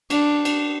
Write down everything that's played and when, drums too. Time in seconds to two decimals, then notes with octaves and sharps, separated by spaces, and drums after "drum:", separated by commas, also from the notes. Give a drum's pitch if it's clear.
0.10 D4, drum: cymbal
0.45 drum: cymbal